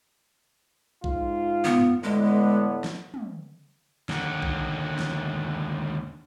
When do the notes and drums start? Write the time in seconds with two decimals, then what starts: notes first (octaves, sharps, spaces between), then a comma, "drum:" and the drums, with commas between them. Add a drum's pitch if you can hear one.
1.04 G#2 F4, drum: kick A#1
1.65 B3, drum: tom
2.03 A2 D3 G#3 B3
2.84 drum: snare
3.14 drum: tom
4.09 D#2 D3, drum: snare
4.42 drum: kick A#1
4.99 drum: snare